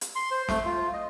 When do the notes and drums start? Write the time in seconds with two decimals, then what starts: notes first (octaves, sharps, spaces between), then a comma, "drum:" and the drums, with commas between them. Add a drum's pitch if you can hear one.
0.01 drum: hi-hat
0.15 C6
0.31 C5
0.49 A3, drum: snare
0.65 F4
0.94 D#5